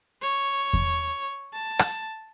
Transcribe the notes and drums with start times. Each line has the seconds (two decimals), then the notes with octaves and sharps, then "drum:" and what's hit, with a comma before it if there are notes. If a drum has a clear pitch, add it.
0.21 C#5
0.73 drum: kick E2
1.53 A5
1.79 drum: rim click